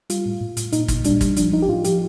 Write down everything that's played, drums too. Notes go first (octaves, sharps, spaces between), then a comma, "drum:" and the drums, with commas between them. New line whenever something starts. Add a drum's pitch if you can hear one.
G3 F4, drum: hi-hat
A2
A2
A2, drum: hi-hat
A#2 D#4, drum: hi-hat
A#2, drum: kick, hi-hat
G3 D4, drum: hi-hat
G3, drum: kick, hi-hat
F3 D4, drum: hi-hat
F3 D#4
G4
A2 F4
F3 G4, drum: hi-hat